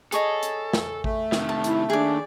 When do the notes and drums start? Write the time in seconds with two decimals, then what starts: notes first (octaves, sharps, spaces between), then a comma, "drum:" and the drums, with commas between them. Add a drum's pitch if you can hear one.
0.12 G#4 A4 C#5 D#5, drum: hi-hat
0.43 drum: hi-hat
0.73 drum: snare
1.04 A3, drum: kick A1
1.32 C3 D#3, drum: snare
1.49 A5
1.64 E4, drum: hi-hat
1.90 D#2 D4 G#4 D5